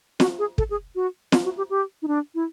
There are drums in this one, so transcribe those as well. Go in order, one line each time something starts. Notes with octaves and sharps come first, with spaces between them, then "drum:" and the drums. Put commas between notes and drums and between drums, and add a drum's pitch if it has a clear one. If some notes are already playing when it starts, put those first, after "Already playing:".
F#4, drum: snare
G#4
A4, drum: kick
G#4
F#4
F4, drum: snare
F#4
G4
G4
D#4
D4
E4